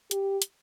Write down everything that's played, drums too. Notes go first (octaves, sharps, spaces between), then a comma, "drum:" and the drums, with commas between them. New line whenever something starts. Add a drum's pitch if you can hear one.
G4, drum: hi-hat
drum: hi-hat